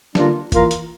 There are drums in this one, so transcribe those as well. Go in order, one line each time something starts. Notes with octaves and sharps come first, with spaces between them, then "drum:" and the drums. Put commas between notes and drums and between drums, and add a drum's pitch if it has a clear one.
D3 G3 A#3 D4 F4, drum: snare
E3 A#3 F4 A#4, drum: kick, hi-hat
drum: hi-hat